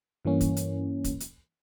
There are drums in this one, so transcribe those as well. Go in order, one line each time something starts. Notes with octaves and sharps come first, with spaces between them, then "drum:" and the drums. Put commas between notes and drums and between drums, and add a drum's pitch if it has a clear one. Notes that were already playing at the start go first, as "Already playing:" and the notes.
G2 E3 A#3 C#4
drum: kick, hi-hat
drum: hi-hat
drum: kick, hi-hat
drum: hi-hat